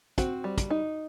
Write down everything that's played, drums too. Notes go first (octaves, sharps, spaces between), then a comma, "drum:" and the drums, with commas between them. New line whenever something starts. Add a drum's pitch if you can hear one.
C4 F#4, drum: kick, hi-hat
G3
drum: kick, hi-hat
D#4